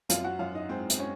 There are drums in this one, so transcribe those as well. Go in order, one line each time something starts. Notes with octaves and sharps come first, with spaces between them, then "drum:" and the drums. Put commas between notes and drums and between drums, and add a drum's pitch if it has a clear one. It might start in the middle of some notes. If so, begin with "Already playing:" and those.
F#2 F4 F5, drum: hi-hat
F#4 F#5
F#2 F4 F5
D#4 D#5
G#3 C4 C5
drum: hi-hat
C#4 C#5